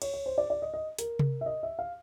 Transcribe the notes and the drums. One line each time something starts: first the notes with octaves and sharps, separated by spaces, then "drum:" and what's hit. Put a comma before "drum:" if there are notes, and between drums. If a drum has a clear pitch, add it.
C#5, drum: cymbal
C#5
C5
D5
D5
D#5
D#5
A#4, drum: hi-hat
drum: tom C3
E5
D#5
E5
F5